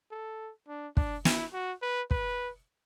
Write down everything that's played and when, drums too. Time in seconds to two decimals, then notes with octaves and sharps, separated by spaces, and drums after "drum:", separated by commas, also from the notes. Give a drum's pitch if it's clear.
0.11 A4
0.68 D4
0.97 D4, drum: kick
1.25 E4, drum: snare
1.53 F#4
1.82 B4
2.11 B4, drum: kick